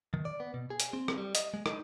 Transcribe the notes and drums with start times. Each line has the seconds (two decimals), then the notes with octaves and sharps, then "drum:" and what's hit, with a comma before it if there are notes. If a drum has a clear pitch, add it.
0.14 D#3
0.25 D5
0.40 B3
0.54 B2
0.70 G#4
0.80 drum: hi-hat
0.93 C4
1.08 drum: rim click
1.18 G3
1.35 D#5, drum: hi-hat
1.54 G#3
1.66 D#4, drum: rim click